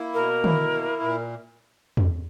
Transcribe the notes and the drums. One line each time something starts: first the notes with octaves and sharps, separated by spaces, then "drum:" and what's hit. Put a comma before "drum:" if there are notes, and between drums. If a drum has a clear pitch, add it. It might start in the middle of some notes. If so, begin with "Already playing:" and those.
Already playing: A#3 E4
B2 A#4
E4, drum: tom D3
A#3
A#2
drum: tom E2